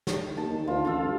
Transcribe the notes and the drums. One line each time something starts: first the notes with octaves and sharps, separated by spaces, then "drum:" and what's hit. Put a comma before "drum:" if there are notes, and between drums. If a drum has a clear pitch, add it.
drum: snare
D#2 A5
D#3
D2 F4
A1 F4 A4
G2